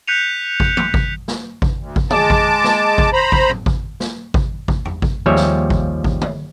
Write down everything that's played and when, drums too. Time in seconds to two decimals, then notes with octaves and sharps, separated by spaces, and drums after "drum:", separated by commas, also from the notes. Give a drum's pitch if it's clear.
0.08 F#6 G6 B6 C#7 D#7 F7
0.60 drum: kick G#1
0.77 drum: tom D#3
0.94 drum: kick G#1
1.28 drum: snare
1.62 drum: kick G#1
1.79 D2
1.96 drum: kick G#1
2.10 G#3 A5 D6, drum: tom
2.30 drum: kick G#1
2.64 drum: snare
2.98 drum: kick G#1
3.13 C5 A#5 B5
3.32 drum: kick G#1
3.49 drum: tom
3.66 drum: kick G#1
4.00 drum: snare
4.34 drum: kick G#1
4.68 drum: kick G#1
4.85 drum: tom E2
5.02 drum: kick G#1
5.26 D#2 F3 G3 G#4 C#5 E5
5.36 drum: snare
5.70 drum: kick G#1
6.04 drum: kick G#1
6.21 drum: tom